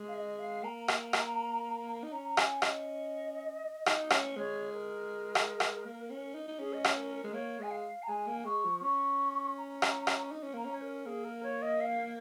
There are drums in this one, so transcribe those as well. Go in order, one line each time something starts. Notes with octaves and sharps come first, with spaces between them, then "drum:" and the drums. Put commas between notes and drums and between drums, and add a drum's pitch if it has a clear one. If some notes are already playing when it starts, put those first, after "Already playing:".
Already playing: G#3
F5
D#5
F5
A#3 A#5
drum: rim click
drum: rim click
D#4
C#4 A#5
A#5
G#5, drum: rim click
D#5, drum: rim click
D#4, drum: rim click
C#4, drum: rim click
G#3 C#5
A#4
drum: rim click
drum: rim click
A#3
C#4
D#4
D#4
C#4 G#4
D#5
C#5, drum: rim click
A#4
A#4
G#3
A#3 C#5
G#3 G#5
F5
A#5
G#3 G#5
A#3
G#3 C#6
F3
C#4 C#6
A#5
drum: rim click
drum: rim click
D#4
C#4
A#3 A#5
C#4
C#5
A#4
A#3 G#4
A#4
C#5
D#5
F5